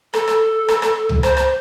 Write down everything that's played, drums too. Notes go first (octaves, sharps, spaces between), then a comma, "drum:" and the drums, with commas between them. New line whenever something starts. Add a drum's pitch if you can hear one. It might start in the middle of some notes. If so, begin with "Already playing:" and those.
A4, drum: rim click
drum: rim click
drum: rim click
drum: rim click
drum: tom C#2
C5, drum: rim click
drum: rim click